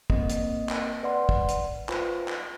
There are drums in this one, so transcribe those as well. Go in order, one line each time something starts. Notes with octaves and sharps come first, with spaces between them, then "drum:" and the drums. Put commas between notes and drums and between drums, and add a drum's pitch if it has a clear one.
A#3 C4 D#5, drum: kick
drum: hi-hat
drum: clap
B4 D5 F#5 C6
drum: kick
drum: hi-hat
F4 B4 C5, drum: clap
drum: clap